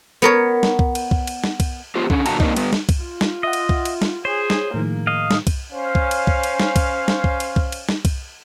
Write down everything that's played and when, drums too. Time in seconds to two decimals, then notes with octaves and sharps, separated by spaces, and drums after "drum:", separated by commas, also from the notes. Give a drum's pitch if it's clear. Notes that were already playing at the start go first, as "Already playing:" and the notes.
0.22 B3 A#4 C#5
0.63 drum: snare
0.79 drum: kick C2
0.95 drum: cymbal
1.11 drum: kick C2
1.27 drum: cymbal
1.44 drum: snare
1.60 drum: kick C2, cymbal
1.95 B3 F4 G4 C5
2.10 D3 C#4, drum: kick C2
2.26 A#2 D3 F#3 F#4 A5 A#5, drum: cymbal
2.40 A#3 C4 D4 D#4, drum: kick C2
2.56 G2 B3, drum: cymbal
2.73 drum: snare
2.89 drum: kick C2, cymbal
3.03 F4
3.21 drum: snare
3.43 D#5 E5 F#5
3.53 drum: cymbal
3.69 drum: kick C2
3.85 drum: cymbal
4.02 drum: snare
4.25 G#4 C5 C#5
4.50 drum: snare
4.74 A2 D#3 F3 A#3
5.07 D#5 F5
5.31 drum: snare
5.47 drum: kick C2, cymbal
5.73 C#4 C5 F5
5.95 drum: kick C2
6.11 drum: cymbal
6.27 drum: kick C2
6.43 drum: cymbal
6.60 drum: snare
6.76 drum: kick C2, cymbal
7.08 drum: snare
7.24 drum: kick C2
7.40 drum: cymbal
7.56 drum: kick C2
7.72 drum: cymbal
7.89 drum: snare
8.05 drum: kick C2, cymbal